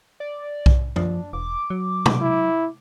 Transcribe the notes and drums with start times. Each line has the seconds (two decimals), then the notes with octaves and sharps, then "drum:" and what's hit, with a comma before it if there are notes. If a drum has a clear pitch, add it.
0.20 D5
0.66 drum: kick B1
0.96 F3 D4, drum: tom F#2
1.33 E1 D6
1.70 F#3
2.06 drum: tom
2.21 E4